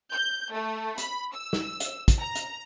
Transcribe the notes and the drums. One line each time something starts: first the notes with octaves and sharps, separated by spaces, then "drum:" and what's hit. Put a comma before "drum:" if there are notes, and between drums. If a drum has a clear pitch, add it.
G6
A3
B5, drum: hi-hat
E6
drum: snare
drum: hi-hat
drum: kick, hi-hat
A#5
drum: hi-hat